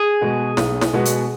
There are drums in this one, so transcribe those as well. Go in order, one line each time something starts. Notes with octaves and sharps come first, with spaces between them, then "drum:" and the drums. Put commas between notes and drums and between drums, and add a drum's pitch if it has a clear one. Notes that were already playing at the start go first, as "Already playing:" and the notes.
Already playing: G#4
B2 G#3 B3 F#4
B1, drum: snare
drum: snare
B2 G#3 B3 F#4
drum: hi-hat